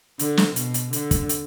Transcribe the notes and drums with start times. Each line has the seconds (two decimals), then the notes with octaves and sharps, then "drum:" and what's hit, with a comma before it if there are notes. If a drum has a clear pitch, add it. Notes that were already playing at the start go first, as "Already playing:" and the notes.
0.19 D3, drum: hi-hat
0.37 drum: snare
0.56 B2, drum: hi-hat
0.74 drum: hi-hat
0.93 D3, drum: hi-hat
1.11 drum: kick, hi-hat
1.29 drum: hi-hat